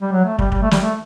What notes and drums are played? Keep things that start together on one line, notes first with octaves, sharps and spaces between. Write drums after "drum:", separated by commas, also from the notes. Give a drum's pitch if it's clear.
G3
F#3
A3
G3, drum: kick
G3, drum: kick
A3
G3, drum: snare
A3